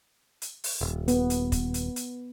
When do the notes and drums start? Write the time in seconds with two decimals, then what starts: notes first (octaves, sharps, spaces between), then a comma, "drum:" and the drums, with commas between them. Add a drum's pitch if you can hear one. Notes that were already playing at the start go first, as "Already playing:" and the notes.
0.42 drum: hi-hat
0.64 drum: open hi-hat
0.81 D#1
1.08 B3, drum: hi-hat
1.30 drum: hi-hat
1.52 drum: kick, hi-hat
1.74 drum: hi-hat
1.96 drum: hi-hat